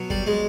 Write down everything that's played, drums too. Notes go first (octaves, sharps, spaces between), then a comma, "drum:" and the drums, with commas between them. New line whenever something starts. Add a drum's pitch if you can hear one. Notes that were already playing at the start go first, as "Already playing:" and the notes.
Already playing: B2 F#3
G3, drum: kick F#1
G#3